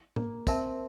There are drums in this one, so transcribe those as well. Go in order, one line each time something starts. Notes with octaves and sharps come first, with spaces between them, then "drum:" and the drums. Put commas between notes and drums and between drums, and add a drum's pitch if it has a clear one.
A#3, drum: tom A2
C4 A#4 E5 A5, drum: kick, tambourine